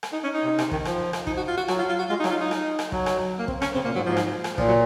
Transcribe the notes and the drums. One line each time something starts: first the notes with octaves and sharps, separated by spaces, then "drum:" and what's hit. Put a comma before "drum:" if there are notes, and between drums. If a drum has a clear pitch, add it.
drum: rim click
D#4
C#4
D#4
C3
C3, drum: rim click
D#3, drum: kick
F3, drum: rim click
drum: rim click
D#4, drum: kick
F#4
F4
F#4
F#3 F#4, drum: rim click
F4
F4
F#4
G#3 F4
D#4
F#3, drum: rim click
F4
D#4
drum: rim click
drum: rim click
F#3, drum: kick
drum: rim click
A#3
C4, drum: kick
C#4, drum: rim click
C#3 C4
A#2 A#3
G#2 F#3
G#2 F3
drum: rim click
drum: rim click
A#2 F3, drum: kick
F#3